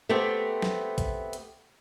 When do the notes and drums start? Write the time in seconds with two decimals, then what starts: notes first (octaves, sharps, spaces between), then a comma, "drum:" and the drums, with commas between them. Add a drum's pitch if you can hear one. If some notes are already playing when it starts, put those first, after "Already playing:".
0.09 A3 B3 C4 G4
0.62 drum: snare
0.98 drum: kick, hi-hat
1.33 drum: hi-hat